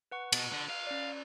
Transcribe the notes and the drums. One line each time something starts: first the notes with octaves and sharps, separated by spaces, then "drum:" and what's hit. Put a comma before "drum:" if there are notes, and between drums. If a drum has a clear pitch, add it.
B4 F#5 C#6
B2, drum: cymbal
D3
F5
C#4 D5